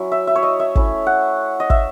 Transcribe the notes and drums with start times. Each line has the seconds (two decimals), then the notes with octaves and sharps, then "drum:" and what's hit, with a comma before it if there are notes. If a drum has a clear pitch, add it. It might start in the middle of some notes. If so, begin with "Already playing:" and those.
Already playing: F#3 C#4 E4
0.12 E5
0.27 E5
0.35 C#5
0.43 D#5
0.60 E5
0.75 A3 C#4 E4, drum: kick
1.06 F#5
1.60 D#5
1.70 E5, drum: kick